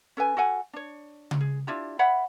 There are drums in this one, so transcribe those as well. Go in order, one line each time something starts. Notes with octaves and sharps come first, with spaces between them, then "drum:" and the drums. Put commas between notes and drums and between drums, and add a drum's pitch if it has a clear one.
C#4 A4 B4 G#5
F#4 A4 F#5 G#5
D4 C#5
drum: tom C#3
G#4
D4 E4 F4 G4
C#5 E5 F#5 B5